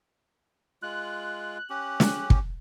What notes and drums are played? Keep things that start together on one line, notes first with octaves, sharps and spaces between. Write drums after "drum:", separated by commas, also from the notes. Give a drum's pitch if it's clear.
G#3 F4 F#6
C#4 G4
drum: snare
drum: kick